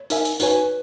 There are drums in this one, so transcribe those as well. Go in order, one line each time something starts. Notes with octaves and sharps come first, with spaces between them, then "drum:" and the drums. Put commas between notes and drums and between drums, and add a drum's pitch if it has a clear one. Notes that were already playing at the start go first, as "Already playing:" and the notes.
Already playing: C#5
D#4 A#4 E5 G#5, drum: hi-hat
drum: hi-hat
D#4 F#4 B4 C#5 G#5, drum: hi-hat